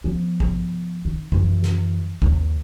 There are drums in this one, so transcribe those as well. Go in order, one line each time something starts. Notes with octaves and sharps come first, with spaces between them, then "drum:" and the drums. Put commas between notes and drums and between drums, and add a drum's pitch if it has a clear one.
F3 B3
drum: kick
D#3
F#2 E3, drum: kick
drum: snare
D#2, drum: kick